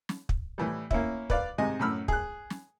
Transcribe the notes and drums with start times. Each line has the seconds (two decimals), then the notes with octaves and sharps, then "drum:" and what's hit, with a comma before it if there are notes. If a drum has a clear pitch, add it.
0.09 drum: snare
0.29 drum: kick
0.58 A2 E3 G3
0.91 A#3 C#4 E4, drum: kick
1.30 B4 D5 F5, drum: kick
1.58 G#2 C3 D#5 G#5
1.79 F#2 A2 B5 E6 F6
2.08 G#4 F#6, drum: kick
2.50 drum: snare